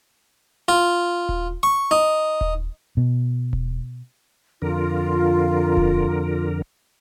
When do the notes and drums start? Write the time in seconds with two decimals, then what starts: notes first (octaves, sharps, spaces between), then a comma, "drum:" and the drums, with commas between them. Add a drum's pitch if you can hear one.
0.68 F4
1.29 drum: kick D#1
1.63 C#6
1.91 D#4
2.41 drum: kick D#1
2.97 B2
3.53 drum: kick D#1
4.62 F2 D3 F4 A#4
5.77 drum: kick D#1